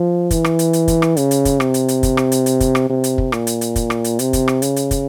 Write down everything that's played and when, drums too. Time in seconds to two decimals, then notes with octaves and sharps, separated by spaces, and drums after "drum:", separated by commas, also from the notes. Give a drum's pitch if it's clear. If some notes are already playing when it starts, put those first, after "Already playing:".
Already playing: F3
0.31 E3, drum: kick, hi-hat
0.44 drum: rim click
0.59 drum: hi-hat
0.73 drum: hi-hat
0.88 drum: kick, hi-hat
1.02 drum: rim click
1.17 C#3, drum: hi-hat
1.31 drum: hi-hat
1.45 drum: kick, hi-hat
1.60 C3, drum: rim click
1.74 drum: hi-hat
1.88 drum: hi-hat
2.03 drum: kick, hi-hat
2.17 drum: rim click
2.32 drum: hi-hat
2.46 drum: hi-hat
2.60 drum: kick, hi-hat
2.75 drum: rim click
2.89 C3
3.04 drum: hi-hat
3.18 drum: kick
3.32 A#2, drum: rim click
3.47 drum: hi-hat
3.61 drum: hi-hat
3.76 drum: kick, hi-hat
3.90 drum: rim click
4.04 drum: hi-hat
4.19 C3, drum: hi-hat
4.33 drum: kick, hi-hat
4.48 drum: rim click
4.62 C#3, drum: hi-hat
4.76 drum: hi-hat
4.91 drum: kick, hi-hat